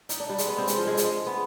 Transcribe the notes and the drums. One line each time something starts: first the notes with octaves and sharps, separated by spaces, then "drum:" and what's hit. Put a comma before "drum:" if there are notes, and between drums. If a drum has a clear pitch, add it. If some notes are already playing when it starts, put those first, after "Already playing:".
D#4, drum: hi-hat
D4
G3
G#3, drum: hi-hat
B3
C4
G#3, drum: hi-hat
F3
G#3
G#3, drum: hi-hat
B3